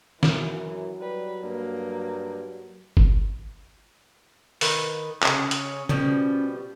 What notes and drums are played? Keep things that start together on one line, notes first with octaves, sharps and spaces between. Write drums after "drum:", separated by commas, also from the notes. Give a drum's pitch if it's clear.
F#2 E3 F#3, drum: snare
G3 B4
G2 A#3
drum: kick G1
D#3 B4, drum: open hi-hat
C#3 C#4, drum: clap
drum: hi-hat
B2 F3 G3 C#4, drum: tom C#3